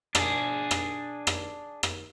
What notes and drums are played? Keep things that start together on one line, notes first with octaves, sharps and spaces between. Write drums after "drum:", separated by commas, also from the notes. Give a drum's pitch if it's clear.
D4 G#4, drum: rim click
drum: rim click
drum: rim click
drum: rim click